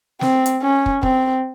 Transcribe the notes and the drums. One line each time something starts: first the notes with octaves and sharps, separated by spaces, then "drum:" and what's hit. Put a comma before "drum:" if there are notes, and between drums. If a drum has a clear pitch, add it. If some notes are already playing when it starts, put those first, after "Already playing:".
C4, drum: snare
drum: hi-hat
C#4
drum: kick
C4, drum: kick